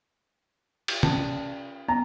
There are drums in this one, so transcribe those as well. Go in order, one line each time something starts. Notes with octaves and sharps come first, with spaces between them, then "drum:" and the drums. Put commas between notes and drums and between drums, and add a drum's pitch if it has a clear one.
drum: cymbal
C#4 A5, drum: tom C3
B3 A#5